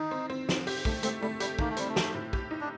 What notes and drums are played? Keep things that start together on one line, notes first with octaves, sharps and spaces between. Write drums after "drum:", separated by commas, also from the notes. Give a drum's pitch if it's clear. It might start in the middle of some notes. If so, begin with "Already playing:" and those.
Already playing: D#3 D#4
C4
C4
C4, drum: snare
G4, drum: open hi-hat
A3, drum: kick
A3 C4, drum: hi-hat
G3 A3
G3 G4, drum: hi-hat
D#3 A#3, drum: kick
A3
G3 C4, drum: hi-hat
A3
G4, drum: snare
A2
G4, drum: kick
D#4
D4